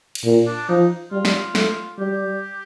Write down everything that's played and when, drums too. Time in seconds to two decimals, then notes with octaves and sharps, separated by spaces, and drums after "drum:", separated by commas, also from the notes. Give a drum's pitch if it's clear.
0.15 drum: cymbal
0.25 A#2
0.47 D4
0.68 F3 D#4
1.12 G3 F4
1.25 drum: snare
1.55 A3, drum: snare
1.99 G3 G4